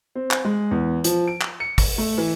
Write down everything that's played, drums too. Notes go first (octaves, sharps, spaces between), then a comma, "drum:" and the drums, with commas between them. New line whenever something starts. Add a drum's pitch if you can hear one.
C4
drum: clap
G#3
E2
F3, drum: hi-hat
D7
drum: clap
C#7
drum: kick, open hi-hat
A3
E3